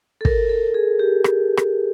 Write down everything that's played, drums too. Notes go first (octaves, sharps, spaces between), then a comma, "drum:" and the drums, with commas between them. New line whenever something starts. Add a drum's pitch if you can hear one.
A4
A#4, drum: kick
A4
G#4
G4
drum: rim click
drum: rim click